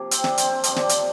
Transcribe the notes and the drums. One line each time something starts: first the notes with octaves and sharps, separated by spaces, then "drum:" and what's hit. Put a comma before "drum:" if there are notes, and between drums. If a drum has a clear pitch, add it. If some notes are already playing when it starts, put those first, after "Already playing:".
Already playing: C3 F3 A#3
C4, drum: hi-hat
D4, drum: snare
C4, drum: hi-hat
C4
G2 D3 F3 C4, drum: hi-hat
drum: snare
drum: hi-hat